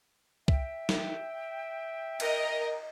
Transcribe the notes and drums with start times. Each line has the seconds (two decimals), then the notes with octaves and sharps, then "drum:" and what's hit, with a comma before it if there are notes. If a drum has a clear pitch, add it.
0.48 E5 G5, drum: kick
0.89 drum: snare
2.20 A#4 D#5, drum: cymbal